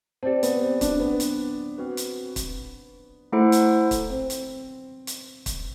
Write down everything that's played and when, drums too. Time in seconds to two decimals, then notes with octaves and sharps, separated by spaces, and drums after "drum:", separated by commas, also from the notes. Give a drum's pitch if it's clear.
0.23 C4 G4 D5 A5
0.43 B3, drum: hi-hat
0.62 C4
0.81 D4, drum: kick, hi-hat
1.00 B3
1.20 drum: hi-hat
1.78 C4 F#4 B4
1.97 drum: hi-hat
2.36 drum: kick, hi-hat
3.32 A3 E4 A4 C5 F#5
3.52 drum: hi-hat
3.91 drum: kick, hi-hat
4.10 C4
4.30 drum: hi-hat
5.07 drum: hi-hat
5.46 drum: kick, hi-hat